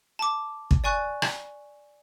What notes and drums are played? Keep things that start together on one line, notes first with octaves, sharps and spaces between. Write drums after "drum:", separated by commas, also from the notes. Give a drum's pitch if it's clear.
A5 D6
drum: kick
D5 G#5 C#6 F#6
drum: rim click